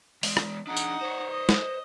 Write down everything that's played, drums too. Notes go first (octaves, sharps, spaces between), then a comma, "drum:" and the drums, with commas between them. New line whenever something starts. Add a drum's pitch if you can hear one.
E3 G#3, drum: open hi-hat
drum: rim click
D4 D#4 G#4 F#5
drum: tambourine
C5 C#5
D#5
drum: snare